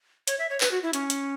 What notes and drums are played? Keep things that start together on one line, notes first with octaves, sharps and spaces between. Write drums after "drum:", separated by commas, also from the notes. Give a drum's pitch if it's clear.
C#5, drum: hi-hat
E5
C#5
B4, drum: clap
F#4
E4
C#4, drum: hi-hat
drum: hi-hat